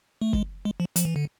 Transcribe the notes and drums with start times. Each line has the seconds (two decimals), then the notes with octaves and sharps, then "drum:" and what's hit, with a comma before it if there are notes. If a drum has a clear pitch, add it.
0.21 A3
0.33 G#3, drum: kick
0.65 G#3
0.80 F3
0.96 F3, drum: hi-hat
1.05 E3
1.16 D3